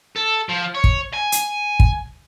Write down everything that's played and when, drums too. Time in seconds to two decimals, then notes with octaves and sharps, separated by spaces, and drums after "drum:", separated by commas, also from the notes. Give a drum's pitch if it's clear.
0.16 A4
0.49 F3
0.74 C#5
0.84 drum: kick
1.13 G#5
1.32 drum: hi-hat
1.80 drum: kick